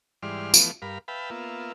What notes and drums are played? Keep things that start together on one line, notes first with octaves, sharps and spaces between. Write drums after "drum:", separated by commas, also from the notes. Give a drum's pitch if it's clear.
G#2 E3 G3 D5 C6 F6
E3 F3 A3 B3, drum: tambourine
G2 A#4 F5 B5
B4 E5 F5 G5 A5 B5
A#3 B3 F4 E5